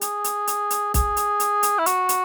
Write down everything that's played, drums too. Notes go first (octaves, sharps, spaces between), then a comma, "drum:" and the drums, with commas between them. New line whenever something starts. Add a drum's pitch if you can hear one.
G#4, drum: hi-hat
drum: hi-hat
drum: hi-hat
drum: hi-hat
G#4, drum: kick, hi-hat
drum: hi-hat
drum: hi-hat
drum: hi-hat
E4
F#4, drum: hi-hat
drum: hi-hat